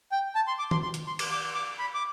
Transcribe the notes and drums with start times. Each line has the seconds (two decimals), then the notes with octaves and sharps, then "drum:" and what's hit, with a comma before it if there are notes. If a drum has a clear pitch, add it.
0.12 G5
0.35 A5
0.47 C6
0.59 D6
0.71 C6, drum: tom D#3
0.83 C6
0.94 drum: hi-hat
1.07 C6
1.19 D6, drum: cymbal
1.32 D6
1.55 D6
1.79 B5
1.94 D6